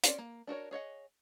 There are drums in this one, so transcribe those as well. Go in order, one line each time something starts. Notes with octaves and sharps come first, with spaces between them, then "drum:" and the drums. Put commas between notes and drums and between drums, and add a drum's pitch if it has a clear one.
C4 C#4 C5 D5, drum: hi-hat
A#3
D4 F#4 A#4 C#5
G#4 C#5 D#5 F#5